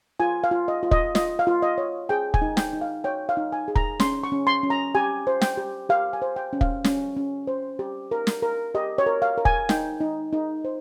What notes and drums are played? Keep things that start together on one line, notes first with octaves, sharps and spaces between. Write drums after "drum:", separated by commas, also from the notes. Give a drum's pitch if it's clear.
F4 G#5
F5
F4
D#5
F4
D#5, drum: kick
F4 D#5, drum: snare
F5
F4
D#5
C#5
G#4 G5
G#5, drum: kick
D#4
G5, drum: snare
D#4
F5
C#5 G5
F5
D#4
G#5
G#4
A#5, drum: kick
C#4 C6, drum: snare
C#6
C#4
C6
C#4
A#5
G4 G#5
C5
G5, drum: snare
G4
G4 F5
G#5
C5
G5
C#4
F5, drum: kick
C#4, drum: snare
C#4
C5
G4
A#4
drum: snare
A#4
G4 D#5
C#5
A#4
F5
A#4
G#5, drum: kick
D#4 G5, drum: snare
D#4
D#4
C5